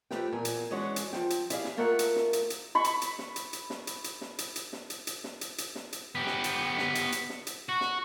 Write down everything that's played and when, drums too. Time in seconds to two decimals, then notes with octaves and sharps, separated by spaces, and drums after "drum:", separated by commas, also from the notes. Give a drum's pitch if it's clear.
0.11 F3 A3 G4 B4 G5, drum: snare
0.32 E2 A#2 A#4 G#5
0.45 drum: hi-hat
0.71 E3 G#3 C#4 D4 F#4 C#5
0.96 drum: hi-hat
1.13 F3 G5, drum: snare
1.30 drum: hi-hat
1.50 E4 G4 G#4 D5 E5 F5, drum: hi-hat
1.65 drum: snare
1.77 A3 A#3 F4 A#4 E5 F#5
1.99 drum: hi-hat
2.16 drum: snare
2.33 drum: hi-hat
2.50 drum: hi-hat
2.75 B5 C#6
2.84 drum: hi-hat
3.02 drum: hi-hat
3.19 drum: snare
3.36 drum: hi-hat
3.53 drum: hi-hat
3.70 drum: snare
3.87 drum: hi-hat
4.04 drum: hi-hat
4.21 drum: snare
4.38 drum: hi-hat
4.56 drum: hi-hat
4.73 drum: snare
4.90 drum: hi-hat
5.07 drum: hi-hat
5.24 drum: snare
5.41 drum: hi-hat
5.58 drum: hi-hat
5.75 drum: snare
5.93 drum: hi-hat
6.15 B3 G4
6.27 drum: snare
6.44 drum: hi-hat
6.78 drum: snare
6.95 drum: hi-hat
7.12 drum: hi-hat
7.29 drum: snare
7.47 drum: hi-hat
7.69 F#4
7.81 drum: snare